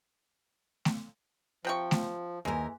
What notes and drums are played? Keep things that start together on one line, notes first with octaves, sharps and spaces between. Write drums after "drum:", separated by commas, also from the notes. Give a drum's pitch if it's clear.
drum: snare A3
C3 F3 G5 C#6
drum: snare A3
D#2 E3 G#3 A#4